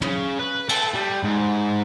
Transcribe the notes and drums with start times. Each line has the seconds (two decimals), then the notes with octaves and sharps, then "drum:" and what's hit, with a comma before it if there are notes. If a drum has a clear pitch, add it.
0.02 C#3, drum: tom
0.39 B4
0.69 A4, drum: cymbal
0.94 G3
1.23 G#2